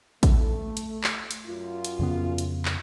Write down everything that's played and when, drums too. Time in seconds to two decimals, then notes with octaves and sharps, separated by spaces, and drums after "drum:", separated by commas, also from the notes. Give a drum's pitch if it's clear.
0.23 A3, drum: kick A1, hi-hat
0.77 drum: hi-hat
1.04 drum: clap
1.31 drum: hi-hat
1.46 F#2 F4
1.85 drum: hi-hat
1.99 F2 C#3 B3
2.38 drum: hi-hat
2.65 drum: clap